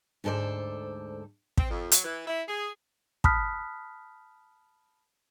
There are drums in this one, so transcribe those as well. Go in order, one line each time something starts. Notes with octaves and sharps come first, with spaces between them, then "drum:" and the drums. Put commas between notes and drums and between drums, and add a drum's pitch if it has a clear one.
D2 G#2 A4 C5 D5
C4, drum: kick
F2
F#3, drum: hi-hat
E3
E4
G#4
A5 B5 D#6 F6 F#6 B6, drum: kick